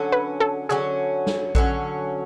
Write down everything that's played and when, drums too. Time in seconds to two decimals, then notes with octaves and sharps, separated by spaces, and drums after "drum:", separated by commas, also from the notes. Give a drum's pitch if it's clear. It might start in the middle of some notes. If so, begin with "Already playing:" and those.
Already playing: D3 F#3 C#4
0.12 B4
0.40 A4
0.69 D3 F#3 C#4 G#4
1.27 drum: snare
1.55 D3 F#3 C#4, drum: kick A#1